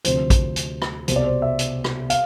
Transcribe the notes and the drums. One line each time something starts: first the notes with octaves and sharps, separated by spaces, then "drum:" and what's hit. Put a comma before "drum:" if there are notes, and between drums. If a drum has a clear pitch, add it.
D2 C3 F3 C5, drum: hi-hat
drum: kick A#1, hi-hat
drum: hi-hat
drum: rim click
C2 B2 C5, drum: hi-hat
D5
C5
E5
drum: hi-hat
drum: rim click
F5, drum: hi-hat